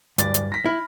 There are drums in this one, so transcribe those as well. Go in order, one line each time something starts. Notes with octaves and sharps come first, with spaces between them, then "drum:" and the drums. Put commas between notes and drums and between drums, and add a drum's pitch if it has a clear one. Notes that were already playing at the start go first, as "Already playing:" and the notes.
D1 G2 D5 A6, drum: hi-hat
drum: hi-hat
A#6 B6
E4 B5 F6